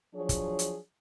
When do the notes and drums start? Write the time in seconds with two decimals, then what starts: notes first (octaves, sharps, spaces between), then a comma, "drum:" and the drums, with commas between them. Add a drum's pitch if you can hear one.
0.14 F3 F#3 D4 G#4 C#5
0.29 drum: kick, hi-hat
0.59 drum: hi-hat